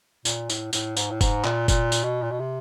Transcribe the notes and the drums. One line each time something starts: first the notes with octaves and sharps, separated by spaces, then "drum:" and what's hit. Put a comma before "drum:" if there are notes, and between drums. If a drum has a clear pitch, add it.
A#2, drum: tambourine
A2, drum: tambourine
A2, drum: tambourine
G#2, drum: tambourine
A2
G#2, drum: kick F1, tambourine
A#2, drum: clap
A#2, drum: kick F1, tambourine
drum: tambourine
B2
A#2
B2
C3